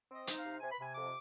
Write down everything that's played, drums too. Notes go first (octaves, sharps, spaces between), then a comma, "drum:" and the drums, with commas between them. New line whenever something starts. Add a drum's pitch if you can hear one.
C4
D#5
D#4, drum: hi-hat
F5
C3
C3 G#5
B5
C3 G#5
F2 D6